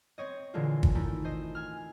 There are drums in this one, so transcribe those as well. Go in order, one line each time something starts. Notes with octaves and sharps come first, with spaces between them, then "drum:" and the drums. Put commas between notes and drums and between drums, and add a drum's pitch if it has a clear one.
C4 C#5 D#5
A#2 D3 E3 G#3 A3 F4
drum: kick
D#3 A3 D#4 E4
C5 D#5
G#5 F6